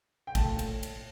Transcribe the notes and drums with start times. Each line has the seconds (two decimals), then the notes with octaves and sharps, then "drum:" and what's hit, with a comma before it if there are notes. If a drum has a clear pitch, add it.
0.27 G5
0.35 A#2 A3 A5, drum: kick, cymbal
0.59 drum: cymbal
0.83 drum: cymbal